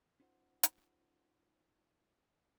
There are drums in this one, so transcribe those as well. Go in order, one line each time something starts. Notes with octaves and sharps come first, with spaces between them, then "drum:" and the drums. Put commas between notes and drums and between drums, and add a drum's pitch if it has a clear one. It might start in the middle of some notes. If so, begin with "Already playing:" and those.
C#4 D#4 F4 C5 F#5
drum: hi-hat